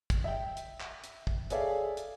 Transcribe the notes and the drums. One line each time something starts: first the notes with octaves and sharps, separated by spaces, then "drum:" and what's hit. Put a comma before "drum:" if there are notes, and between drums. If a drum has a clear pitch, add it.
drum: kick, hi-hat
E5 G5
drum: hi-hat
drum: clap
drum: hi-hat
drum: kick
G#4 A4 C#5 D5 E5 F5, drum: hi-hat
drum: hi-hat